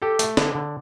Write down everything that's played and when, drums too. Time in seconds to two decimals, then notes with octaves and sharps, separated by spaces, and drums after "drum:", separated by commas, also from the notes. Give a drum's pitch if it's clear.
0.02 G4 A4
0.19 A3, drum: hi-hat
0.37 D3, drum: snare
0.55 D3